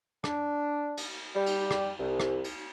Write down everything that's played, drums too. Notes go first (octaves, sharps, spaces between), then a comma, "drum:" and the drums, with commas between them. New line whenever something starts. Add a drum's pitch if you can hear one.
D4, drum: rim click
drum: cymbal
G3
drum: cymbal
drum: rim click
C2
drum: rim click
drum: cymbal